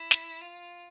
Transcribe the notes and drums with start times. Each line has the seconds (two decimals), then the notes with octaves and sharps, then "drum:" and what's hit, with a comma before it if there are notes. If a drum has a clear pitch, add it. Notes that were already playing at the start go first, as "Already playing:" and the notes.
Already playing: E4
0.11 drum: snare
0.41 F4